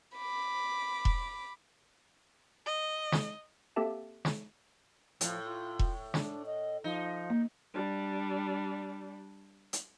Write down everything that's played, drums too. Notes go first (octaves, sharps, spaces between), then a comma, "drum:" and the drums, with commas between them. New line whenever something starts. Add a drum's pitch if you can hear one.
B5 D6
drum: kick E1
D#5
drum: snare
A#3 C4 G4 A4 E5 A5
drum: snare
A2 F3, drum: hi-hat
F4
drum: kick E1
D4, drum: snare
D#5
F3 D#4
A#3
G3 D4
drum: hi-hat